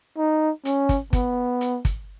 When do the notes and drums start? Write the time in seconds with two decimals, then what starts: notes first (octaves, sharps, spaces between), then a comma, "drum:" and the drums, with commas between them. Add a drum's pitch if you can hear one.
0.17 D#4
0.65 C#4, drum: hi-hat
0.89 drum: kick, hi-hat
1.13 B3, drum: kick, hi-hat
1.61 drum: hi-hat
1.85 drum: kick, hi-hat